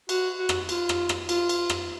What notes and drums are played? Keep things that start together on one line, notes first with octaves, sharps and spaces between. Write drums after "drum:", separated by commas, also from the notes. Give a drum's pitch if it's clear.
F#4, drum: cymbal
F#4
drum: rim click
F4, drum: cymbal
drum: rim click
drum: rim click
F4, drum: cymbal
drum: cymbal
drum: rim click